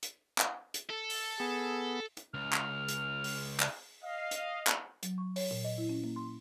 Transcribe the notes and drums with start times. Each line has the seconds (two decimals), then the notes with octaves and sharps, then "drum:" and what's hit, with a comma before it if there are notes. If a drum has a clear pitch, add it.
0.03 drum: hi-hat
0.38 drum: clap
0.74 drum: hi-hat
0.90 A4
1.10 drum: open hi-hat
1.40 B3 G#4
2.17 drum: hi-hat
2.34 C#2 F6
2.53 drum: clap
2.88 drum: hi-hat
3.24 drum: open hi-hat
3.60 drum: clap
4.03 D#5 F5
4.31 drum: hi-hat
4.67 drum: clap
5.03 F#3, drum: hi-hat
5.18 C#6
5.36 C#5, drum: open hi-hat
5.51 A#2
5.64 D#5
5.78 E4
5.89 C#4
6.04 A#3
6.16 C6